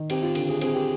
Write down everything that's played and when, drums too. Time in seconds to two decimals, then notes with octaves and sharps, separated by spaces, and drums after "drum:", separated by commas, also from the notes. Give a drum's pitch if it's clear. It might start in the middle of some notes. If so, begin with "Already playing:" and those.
Already playing: D#3
0.10 C4 G4, drum: cymbal
0.23 F4
0.35 D3, drum: cymbal
0.49 G#4
0.61 C4 G#4, drum: cymbal
0.75 G4